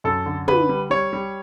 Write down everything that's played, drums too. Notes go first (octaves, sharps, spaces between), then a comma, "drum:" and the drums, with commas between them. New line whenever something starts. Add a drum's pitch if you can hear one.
F#2 A4
D3
D3 B4, drum: tom
G3
G3 C#5
G3